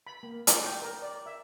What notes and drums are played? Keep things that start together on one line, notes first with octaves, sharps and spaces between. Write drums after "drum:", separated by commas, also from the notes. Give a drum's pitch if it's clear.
B5
A#3
D5, drum: hi-hat
G5
A#4
D5
E5